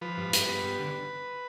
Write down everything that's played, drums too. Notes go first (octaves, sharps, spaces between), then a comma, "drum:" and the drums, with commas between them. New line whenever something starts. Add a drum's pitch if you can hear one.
F3 B4
G2
G2, drum: hi-hat
B3
G3
D3